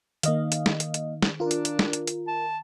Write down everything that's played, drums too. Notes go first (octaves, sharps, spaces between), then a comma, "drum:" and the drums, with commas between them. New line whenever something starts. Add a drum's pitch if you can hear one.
D#3 A#3 D#5 F5, drum: hi-hat
drum: hi-hat
drum: snare
drum: hi-hat
drum: hi-hat
drum: snare
D4 F4 A#4
drum: hi-hat
drum: hi-hat
drum: snare
drum: hi-hat
drum: hi-hat
A5